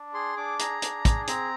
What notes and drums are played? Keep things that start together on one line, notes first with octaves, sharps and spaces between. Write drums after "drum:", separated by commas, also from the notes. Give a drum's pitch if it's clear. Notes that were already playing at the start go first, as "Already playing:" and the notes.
Already playing: D4
G#4 C6
D4 D6
G#4 A#5, drum: hi-hat
D4, drum: hi-hat
G#4, drum: kick, hi-hat
C4 A#5, drum: hi-hat